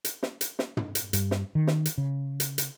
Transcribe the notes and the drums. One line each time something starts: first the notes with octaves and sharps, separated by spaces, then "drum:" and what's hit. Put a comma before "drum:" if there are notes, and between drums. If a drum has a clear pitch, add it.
drum: hi-hat
drum: snare
drum: hi-hat
drum: snare
drum: tom
drum: hi-hat
G2, drum: hi-hat
drum: snare
D#3
drum: snare
drum: hi-hat
C#3
drum: hi-hat
drum: hi-hat